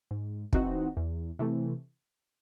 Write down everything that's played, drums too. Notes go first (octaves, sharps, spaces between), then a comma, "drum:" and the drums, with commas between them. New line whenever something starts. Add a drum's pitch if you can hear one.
G#2
E3 C4 D#4 F#4, drum: kick
E2
C3 E3 A3